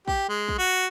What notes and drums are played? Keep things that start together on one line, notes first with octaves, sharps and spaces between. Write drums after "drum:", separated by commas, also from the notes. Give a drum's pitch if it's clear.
G4, drum: kick
G#3
drum: kick
F#4